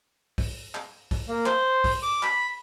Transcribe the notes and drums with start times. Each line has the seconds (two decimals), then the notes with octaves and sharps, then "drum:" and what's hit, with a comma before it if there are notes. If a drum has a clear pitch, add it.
0.38 drum: kick, open hi-hat
0.75 drum: clap
1.11 drum: kick, open hi-hat
1.28 A#3
1.46 C5, drum: clap
1.84 drum: kick, open hi-hat
2.02 D6
2.23 B5, drum: clap